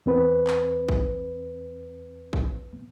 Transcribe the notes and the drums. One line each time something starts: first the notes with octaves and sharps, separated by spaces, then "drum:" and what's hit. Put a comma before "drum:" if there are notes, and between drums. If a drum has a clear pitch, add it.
E2 C4 B4
drum: clap
drum: kick
drum: kick